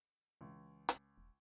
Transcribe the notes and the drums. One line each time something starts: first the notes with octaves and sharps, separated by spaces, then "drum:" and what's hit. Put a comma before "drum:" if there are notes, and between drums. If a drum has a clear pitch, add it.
C#2 E3
drum: hi-hat
E1